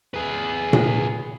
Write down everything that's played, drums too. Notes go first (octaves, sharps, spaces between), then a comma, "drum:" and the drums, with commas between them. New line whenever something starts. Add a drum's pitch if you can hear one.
G#4 B4
drum: tom A#2